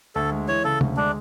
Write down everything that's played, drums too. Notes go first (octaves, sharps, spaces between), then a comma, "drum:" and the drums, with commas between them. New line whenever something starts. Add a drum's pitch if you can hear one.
D2 A4
G#3
E3 C#5
C#3 A4
D2, drum: tom
G#3 D4